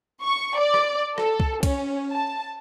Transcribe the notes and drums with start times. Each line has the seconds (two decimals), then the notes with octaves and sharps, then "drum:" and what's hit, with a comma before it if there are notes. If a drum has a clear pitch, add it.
0.22 C#6
0.58 D5
0.74 drum: rim click
1.18 A4, drum: rim click
1.40 drum: kick C2
1.63 C#4, drum: kick C2, cymbal
2.11 A5